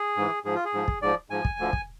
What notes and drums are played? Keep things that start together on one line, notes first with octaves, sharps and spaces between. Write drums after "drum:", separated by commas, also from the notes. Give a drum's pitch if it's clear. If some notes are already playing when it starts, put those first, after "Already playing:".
Already playing: G#4
G#2 E3
G#2 F3 G#4
F4
G#4
G#2 F3
drum: kick
G#2 F3 D5
G#2 F3 G#5
drum: kick
D2 D3 F3
drum: kick